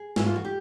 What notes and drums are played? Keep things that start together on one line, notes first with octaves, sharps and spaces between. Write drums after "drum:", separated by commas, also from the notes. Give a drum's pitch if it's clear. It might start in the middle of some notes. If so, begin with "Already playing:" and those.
Already playing: G#4
G#2 E3 A3 E4, drum: snare
F4
F#4
G4